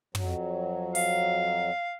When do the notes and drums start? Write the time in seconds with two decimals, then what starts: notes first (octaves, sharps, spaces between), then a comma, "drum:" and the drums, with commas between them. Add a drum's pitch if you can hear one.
0.15 F2 F#3, drum: tom
0.95 F5, drum: open hi-hat